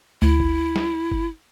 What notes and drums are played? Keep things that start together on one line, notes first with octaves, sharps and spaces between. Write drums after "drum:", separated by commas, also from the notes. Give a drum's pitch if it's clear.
D2 E4
drum: kick G1
drum: snare
drum: kick G1